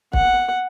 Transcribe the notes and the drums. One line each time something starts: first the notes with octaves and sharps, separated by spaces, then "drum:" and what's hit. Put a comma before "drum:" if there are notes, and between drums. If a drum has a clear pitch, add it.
F#5, drum: kick